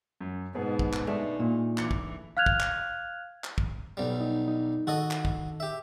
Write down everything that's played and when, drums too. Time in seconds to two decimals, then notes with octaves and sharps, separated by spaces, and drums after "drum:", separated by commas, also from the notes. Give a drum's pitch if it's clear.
0.21 F#2
0.55 G#2 B2 B3 G#4
0.79 drum: kick
0.93 drum: clap
1.07 G#3 A3 D4 D#4
1.40 A#2
1.78 E3 D6 C#7, drum: clap
1.91 drum: kick
2.37 F5 F6 F#6 G#6 F7
2.46 drum: kick
2.60 drum: clap
3.44 drum: clap
3.58 drum: kick
3.97 B1 G3
4.21 D#4
4.48 D#4
4.87 D#3 F#4 A4 D#5
5.11 drum: clap
5.25 drum: kick
5.60 G4 E5